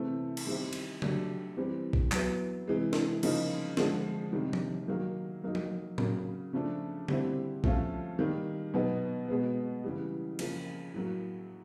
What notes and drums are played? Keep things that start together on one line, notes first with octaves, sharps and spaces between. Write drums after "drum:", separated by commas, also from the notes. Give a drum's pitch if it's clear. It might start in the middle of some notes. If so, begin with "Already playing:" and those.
Already playing: C3 E3 A3 C4
drum: cymbal
D#3 G3 C4 E4 G4
drum: cymbal
F#3 A3 D4 G4, drum: tom C#3
E3 G3 C4
drum: kick A#1
F#3 B3 E4, drum: clap
C3 E3 G#3
drum: snare
C#3 F3 A#3 D#4, drum: cymbal
D3 F3 G#3, drum: snare
C3 D#3 G3
drum: tom F3
D#3 F#3 A#3
F#3 A#3 D#4
drum: tom F3
C#3 F#3 A#3, drum: tom A2
C#3 F3 A3 D4
D3 G3 C4 E4 G4, drum: tom C#3
F3 A3 C#4 F4, drum: kick A#1
D#3 G3 A#3
B2 F#3 B3 D#4
B2 G#3 B3
C#3 E3 G3
C#3 F3 A#3, drum: cymbal
A2 F#3 A#3